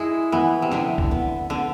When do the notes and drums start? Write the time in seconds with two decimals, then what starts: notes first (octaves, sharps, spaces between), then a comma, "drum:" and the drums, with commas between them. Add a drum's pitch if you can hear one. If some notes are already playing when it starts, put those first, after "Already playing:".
Already playing: G#3 E4
0.32 E3 B3
0.62 C3
0.71 D3 E4, drum: snare F3
0.98 drum: kick C2
1.11 B3
1.50 D3 B3